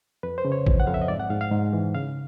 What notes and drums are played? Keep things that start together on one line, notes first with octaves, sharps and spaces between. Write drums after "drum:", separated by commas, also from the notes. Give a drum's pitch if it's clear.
F2 B4
C5
C#3
C#5
F2, drum: kick A1
F#5
F2 F5
E5
D#5
G#2 D5
F#5
G#2 F5
F5
G#2
E3
C#3 F5